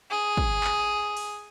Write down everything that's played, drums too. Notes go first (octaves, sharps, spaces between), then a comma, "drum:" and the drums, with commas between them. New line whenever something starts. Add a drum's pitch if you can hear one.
G#4
drum: kick
drum: clap
drum: open hi-hat